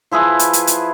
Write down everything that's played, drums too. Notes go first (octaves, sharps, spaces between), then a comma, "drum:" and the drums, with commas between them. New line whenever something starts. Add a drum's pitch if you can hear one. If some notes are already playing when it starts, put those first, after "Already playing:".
F3 E4 G#4 B4
drum: hi-hat
drum: hi-hat
drum: hi-hat